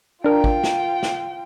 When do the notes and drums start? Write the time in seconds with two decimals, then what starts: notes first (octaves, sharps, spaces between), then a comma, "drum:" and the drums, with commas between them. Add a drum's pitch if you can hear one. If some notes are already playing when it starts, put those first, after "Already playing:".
0.24 D4 F4 A#4 G5
0.44 drum: kick
0.64 drum: snare
1.03 drum: snare